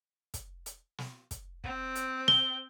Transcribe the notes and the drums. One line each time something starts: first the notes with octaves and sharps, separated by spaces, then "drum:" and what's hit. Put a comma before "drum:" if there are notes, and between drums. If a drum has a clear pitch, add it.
drum: kick, hi-hat
drum: hi-hat
drum: snare
drum: kick, hi-hat
C4, drum: kick
drum: hi-hat
G7, drum: snare